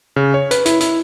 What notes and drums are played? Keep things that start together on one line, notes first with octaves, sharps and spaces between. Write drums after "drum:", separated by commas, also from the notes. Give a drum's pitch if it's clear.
C#3
C#5
B4, drum: hi-hat
E4, drum: hi-hat
E4, drum: hi-hat